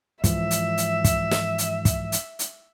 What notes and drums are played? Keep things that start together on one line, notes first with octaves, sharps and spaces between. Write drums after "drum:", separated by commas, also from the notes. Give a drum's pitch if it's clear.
G#2 E3 F3 E5, drum: kick, hi-hat
drum: hi-hat
drum: hi-hat
drum: kick, hi-hat
drum: snare
drum: hi-hat
drum: kick, hi-hat
drum: hi-hat
drum: hi-hat